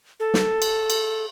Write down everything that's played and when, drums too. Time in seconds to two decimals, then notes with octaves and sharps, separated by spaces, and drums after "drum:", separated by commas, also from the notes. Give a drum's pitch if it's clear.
0.20 A4
0.34 drum: snare
0.62 drum: cymbal
0.90 drum: cymbal